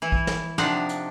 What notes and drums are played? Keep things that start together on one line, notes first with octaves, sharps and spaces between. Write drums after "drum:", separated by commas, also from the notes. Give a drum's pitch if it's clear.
E3 E4
drum: kick
drum: snare
C3 F3 D4 D#4 F#5, drum: snare
drum: hi-hat